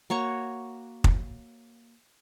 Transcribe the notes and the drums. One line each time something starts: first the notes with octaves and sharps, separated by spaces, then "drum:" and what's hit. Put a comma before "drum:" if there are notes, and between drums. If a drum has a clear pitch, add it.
A#3 F#4 C#5 C#6
drum: kick